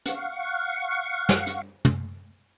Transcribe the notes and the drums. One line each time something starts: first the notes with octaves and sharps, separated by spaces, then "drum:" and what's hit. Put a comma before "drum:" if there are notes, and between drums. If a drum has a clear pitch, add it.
F5 F#5 C#6, drum: hi-hat
drum: snare
drum: hi-hat
drum: tom